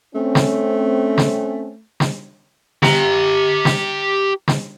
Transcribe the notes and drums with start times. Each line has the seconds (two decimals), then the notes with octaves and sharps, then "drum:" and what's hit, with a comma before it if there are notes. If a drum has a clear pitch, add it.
0.15 A3 C4 C#4
0.35 drum: snare
1.18 drum: snare
2.00 drum: snare
2.83 G4 A#5, drum: snare
3.65 drum: snare
4.48 drum: snare